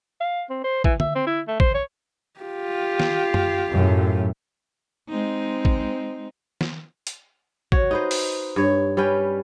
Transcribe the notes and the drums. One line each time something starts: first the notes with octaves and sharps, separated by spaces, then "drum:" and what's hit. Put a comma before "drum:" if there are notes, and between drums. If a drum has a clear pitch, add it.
F5
C4
C5
E3, drum: kick A1
E5, drum: tom D3
C4
E4
A3
C5, drum: kick A1
C#5
F4 G4
drum: snare
drum: tom F#2
F#2 A2
G#3 C4 D#4
drum: kick A1
drum: snare
drum: hi-hat
F#4 C#5, drum: kick A1
D#4 B4 C5
drum: open hi-hat
G2 C#5
G3 C#4 B4 G5